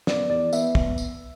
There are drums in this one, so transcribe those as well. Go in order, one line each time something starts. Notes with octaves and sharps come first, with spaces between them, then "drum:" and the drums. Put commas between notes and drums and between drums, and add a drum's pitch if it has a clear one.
B3 D5, drum: snare
E2 D5
B3 E5, drum: tambourine
drum: kick
drum: tambourine